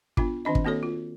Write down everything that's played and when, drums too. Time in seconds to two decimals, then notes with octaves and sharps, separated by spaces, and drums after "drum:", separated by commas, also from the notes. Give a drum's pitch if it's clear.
0.17 B3 D4 F4, drum: kick
0.45 D#3 C4 D4 D#5
0.55 drum: kick
0.65 A#3 C4 F#4 A4 C#5
0.83 F4